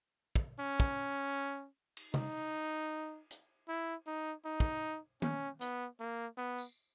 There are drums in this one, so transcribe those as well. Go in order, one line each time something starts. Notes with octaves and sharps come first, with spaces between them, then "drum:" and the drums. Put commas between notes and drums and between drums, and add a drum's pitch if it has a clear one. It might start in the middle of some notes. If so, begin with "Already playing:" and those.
drum: kick
C#4
drum: kick
drum: cymbal
D#4, drum: tom C3
drum: hi-hat
E4
D#4
D#4
drum: kick
C#4, drum: tom
B3, drum: hi-hat
A#3
B3
drum: tambourine